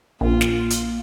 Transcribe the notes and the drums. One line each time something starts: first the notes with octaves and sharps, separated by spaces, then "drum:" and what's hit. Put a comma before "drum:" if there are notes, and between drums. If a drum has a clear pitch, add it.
A#1 A#3 F4
drum: snare
drum: hi-hat